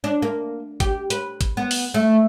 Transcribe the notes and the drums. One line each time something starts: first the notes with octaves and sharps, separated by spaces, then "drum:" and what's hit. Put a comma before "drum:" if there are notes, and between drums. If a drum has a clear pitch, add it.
D4
A#3
G4, drum: kick A1, hi-hat
B4, drum: hi-hat
drum: kick A1, hi-hat
B3
drum: open hi-hat
A3